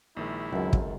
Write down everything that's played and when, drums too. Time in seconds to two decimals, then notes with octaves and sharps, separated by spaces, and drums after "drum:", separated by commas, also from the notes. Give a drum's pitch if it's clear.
0.17 A#1 D#3 G#3 E4
0.53 C#2 F#2 D#3 F#3 C4 A4
0.73 drum: kick